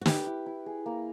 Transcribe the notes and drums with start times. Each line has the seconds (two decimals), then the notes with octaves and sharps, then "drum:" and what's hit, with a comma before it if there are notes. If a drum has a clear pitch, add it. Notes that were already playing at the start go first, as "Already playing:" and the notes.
0.01 F#4
0.06 G4 B4, drum: snare
0.27 E4
0.46 E4
0.66 G#4
0.86 A#3